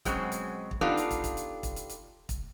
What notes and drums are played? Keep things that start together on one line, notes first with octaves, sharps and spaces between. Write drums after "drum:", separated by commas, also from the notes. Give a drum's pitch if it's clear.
B2 F#3 G#3 C4 C#4, drum: kick, hi-hat
drum: hi-hat
drum: kick
B3 D4 D#4 F4 G4 A4
drum: hi-hat
drum: kick, hi-hat
drum: kick, hi-hat
drum: hi-hat
drum: kick, hi-hat
drum: hi-hat
drum: hi-hat
drum: kick, hi-hat